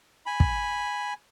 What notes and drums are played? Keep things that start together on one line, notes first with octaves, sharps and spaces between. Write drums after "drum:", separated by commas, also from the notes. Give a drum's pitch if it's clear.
G#5 B5
drum: kick